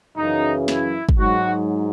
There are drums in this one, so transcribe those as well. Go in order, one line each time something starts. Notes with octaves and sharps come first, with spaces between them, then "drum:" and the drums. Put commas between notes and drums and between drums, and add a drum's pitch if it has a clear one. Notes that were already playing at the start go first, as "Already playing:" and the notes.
F#2 C#3 E3 D#4
E4, drum: snare
drum: kick
G#2 F#3 F#4